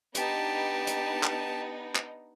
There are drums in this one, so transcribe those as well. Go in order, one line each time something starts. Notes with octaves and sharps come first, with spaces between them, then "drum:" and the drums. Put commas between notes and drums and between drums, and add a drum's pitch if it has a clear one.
B3 D4 D#4 G4 A5, drum: hi-hat
drum: hi-hat
drum: clap
drum: clap